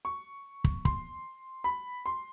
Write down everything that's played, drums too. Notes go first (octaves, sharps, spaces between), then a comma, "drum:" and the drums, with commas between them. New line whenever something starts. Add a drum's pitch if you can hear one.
C#6
drum: kick
C6, drum: kick
B5
C6